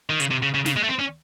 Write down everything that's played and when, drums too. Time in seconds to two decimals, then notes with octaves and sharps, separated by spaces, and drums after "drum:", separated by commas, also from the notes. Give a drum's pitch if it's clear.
0.10 D#3
0.20 C#3, drum: hi-hat
0.31 C3
0.43 C#3
0.54 C#3
0.66 C#3, drum: snare
0.76 G#3
0.83 A3
0.88 C4
0.99 C#4